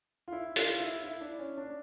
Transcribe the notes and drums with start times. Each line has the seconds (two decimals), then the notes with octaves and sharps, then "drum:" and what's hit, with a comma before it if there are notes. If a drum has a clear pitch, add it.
0.28 F4
0.33 E4
0.56 F4, drum: hi-hat
0.72 F4
0.80 E4
1.04 E4
1.21 D4
1.39 C#4
1.58 D4